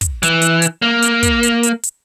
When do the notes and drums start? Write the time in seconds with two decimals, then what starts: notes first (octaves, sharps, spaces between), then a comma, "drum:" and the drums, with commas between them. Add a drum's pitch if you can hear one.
0.01 drum: kick, hi-hat
0.23 E3, drum: hi-hat
0.42 drum: hi-hat
0.62 drum: hi-hat
0.82 A#3
1.02 drum: hi-hat
1.23 drum: kick, hi-hat
1.43 drum: hi-hat
1.63 drum: hi-hat
1.83 drum: hi-hat